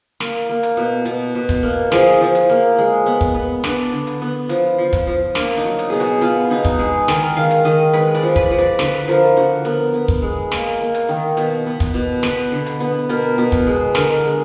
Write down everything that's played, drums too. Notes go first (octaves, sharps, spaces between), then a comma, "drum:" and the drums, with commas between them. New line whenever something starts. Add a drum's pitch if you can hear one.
A#3, drum: snare
A#3
drum: hi-hat
B2
B2, drum: hi-hat
B2
drum: kick, hi-hat
A#3
F3 G#4, drum: snare
F3
drum: hi-hat
A#3
G#3
B3
drum: kick
B3
B3 D4, drum: snare
D3
drum: hi-hat
B3
F3, drum: hi-hat
F3
drum: kick, hi-hat
F3
A#3 D4, drum: snare
D#4, drum: hi-hat
F#3
drum: hi-hat
B2 G#4
F#4, drum: hi-hat
B3 F4, drum: hi-hat
B2 D#4
drum: kick, hi-hat
G#3 G#4
D#3 A#4, drum: snare
D#3 F5
drum: hi-hat
D#3 D#5
G#3 B4, drum: hi-hat
D5, drum: hi-hat
F3
B4, drum: kick
F3
D5, drum: hi-hat
D3 B4, drum: snare
F3 A#4
D3 F#4
B3 A#4, drum: hi-hat
B3
drum: kick
G#3
A#3, drum: snare
A#3
drum: hi-hat
D#3
B2, drum: hi-hat
B3
drum: kick, hi-hat
B2
B3 B4, drum: snare
D3
drum: hi-hat
B3
B2 A#4, drum: hi-hat
B2
drum: kick, hi-hat
G#3
D3 A#4, drum: snare
G#3